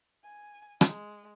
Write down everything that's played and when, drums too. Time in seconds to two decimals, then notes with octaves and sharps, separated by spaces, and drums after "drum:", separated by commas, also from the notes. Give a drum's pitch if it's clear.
0.24 G#5
0.81 G#3, drum: rim click